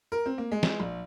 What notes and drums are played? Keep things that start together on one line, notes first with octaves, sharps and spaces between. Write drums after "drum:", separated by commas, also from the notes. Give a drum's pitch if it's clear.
A#4
C4
A#3
G#3
drum: snare
A#1